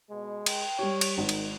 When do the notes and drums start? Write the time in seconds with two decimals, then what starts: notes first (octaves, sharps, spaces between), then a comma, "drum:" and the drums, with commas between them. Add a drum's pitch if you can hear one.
0.10 B2 G#3
0.46 G5, drum: cymbal
0.79 G3 G4 C#5
1.01 drum: cymbal
1.18 G#1 D#3 D#4
1.29 drum: cymbal